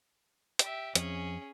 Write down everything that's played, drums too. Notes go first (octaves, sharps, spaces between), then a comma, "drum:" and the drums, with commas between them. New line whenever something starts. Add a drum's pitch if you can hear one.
G4 E5, drum: hi-hat
F2 C#4 G#4, drum: hi-hat